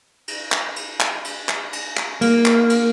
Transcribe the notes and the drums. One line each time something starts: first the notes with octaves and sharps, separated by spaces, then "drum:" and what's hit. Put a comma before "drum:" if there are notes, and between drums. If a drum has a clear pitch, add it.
drum: cymbal
drum: clap
drum: cymbal
drum: clap
drum: cymbal
drum: clap
drum: cymbal
drum: clap
A#3, drum: cymbal
drum: clap
drum: cymbal